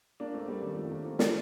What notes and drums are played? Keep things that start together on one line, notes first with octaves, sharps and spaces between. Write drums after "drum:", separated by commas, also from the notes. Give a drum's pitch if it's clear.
A#3 D4
A3 C4
G3 A#3
D#3 G3
F3 A3
C4
A#3 D4
A3 C4
G3 A#3, drum: snare